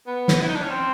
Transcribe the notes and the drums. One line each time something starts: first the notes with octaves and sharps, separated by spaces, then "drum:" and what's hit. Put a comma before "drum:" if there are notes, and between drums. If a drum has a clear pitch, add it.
B3
drum: snare
E4
D#4
D4
C#4
C4